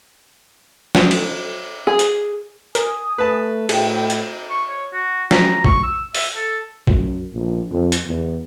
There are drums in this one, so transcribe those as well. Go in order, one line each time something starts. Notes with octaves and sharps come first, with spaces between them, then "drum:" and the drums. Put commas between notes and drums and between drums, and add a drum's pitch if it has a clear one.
drum: snare
drum: cymbal
G#4
drum: hi-hat
A#4 G#5 D#6, drum: hi-hat
A3 B4 A5
A2 G#4 G5, drum: cymbal
drum: hi-hat
C#6
C#5
F#4
A#5, drum: snare
C#6, drum: kick A#1
E6
E5, drum: open hi-hat
A4
F#2, drum: kick A#1
A#1
F2
drum: hi-hat
E2